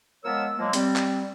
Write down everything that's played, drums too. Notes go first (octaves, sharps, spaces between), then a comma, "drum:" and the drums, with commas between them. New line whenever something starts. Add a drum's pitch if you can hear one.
F3 G#3 B3 A#4 C#5 E6
F3 F#3 G#3 A#3
G3 C4, drum: hi-hat
drum: clap